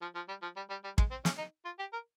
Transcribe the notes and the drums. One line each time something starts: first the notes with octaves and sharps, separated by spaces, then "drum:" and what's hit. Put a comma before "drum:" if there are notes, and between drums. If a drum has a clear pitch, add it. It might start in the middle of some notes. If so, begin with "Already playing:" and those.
F3
F3
G3
F3
G3
G3
G3
G#3, drum: kick
C4
C#4, drum: snare
D#4
F4
G4
A#4